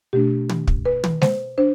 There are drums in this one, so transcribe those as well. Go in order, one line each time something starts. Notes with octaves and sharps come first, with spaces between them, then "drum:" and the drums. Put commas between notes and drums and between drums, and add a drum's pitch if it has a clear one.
B2 A3 D4 G4
drum: tom
drum: kick
B4
drum: tom
C5, drum: snare G#3
D4 C5